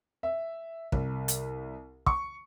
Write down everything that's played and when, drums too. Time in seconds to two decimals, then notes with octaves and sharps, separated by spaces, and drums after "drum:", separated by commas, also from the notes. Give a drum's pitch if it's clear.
0.23 E5
0.92 C2, drum: kick
1.28 drum: hi-hat
2.06 C#6, drum: kick